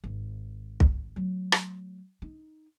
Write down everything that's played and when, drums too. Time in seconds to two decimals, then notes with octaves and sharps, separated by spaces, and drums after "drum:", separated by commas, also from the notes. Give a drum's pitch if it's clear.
0.04 G#1
0.80 drum: kick
1.16 F#3 A3
1.52 drum: rim click
2.22 D#4